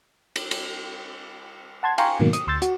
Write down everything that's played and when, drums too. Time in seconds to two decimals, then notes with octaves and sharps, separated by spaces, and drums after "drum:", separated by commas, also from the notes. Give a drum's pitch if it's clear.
0.36 drum: cymbal
0.51 drum: cymbal
1.83 F#5 A5 C6 G#6
1.98 F5 G5 G#5 A#5 C6 C#6, drum: cymbal
2.20 G#2 B2 D#3 F#3 A#3
2.33 D#6, drum: hi-hat
2.47 D2 C6 E6 G6 A6
2.62 F#4, drum: hi-hat